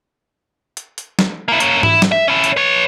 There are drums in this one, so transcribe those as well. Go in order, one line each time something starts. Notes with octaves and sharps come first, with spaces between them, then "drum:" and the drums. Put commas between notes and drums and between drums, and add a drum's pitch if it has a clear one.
drum: hi-hat
drum: hi-hat
drum: snare
A#3 E4
A#3 C#4, drum: hi-hat
E4, drum: tom G#2
drum: snare
E5
C#4 E4
drum: hi-hat
B4 C#5